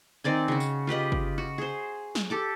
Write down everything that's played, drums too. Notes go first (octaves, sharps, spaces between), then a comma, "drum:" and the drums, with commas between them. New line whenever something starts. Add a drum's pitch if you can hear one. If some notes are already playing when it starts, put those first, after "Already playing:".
D#3 C4 D5 G#5
C#3 F#4
drum: tambourine
F4 G4 B4 D#5
drum: kick
F#4
G#4 C5
drum: snare
G4 A4 D6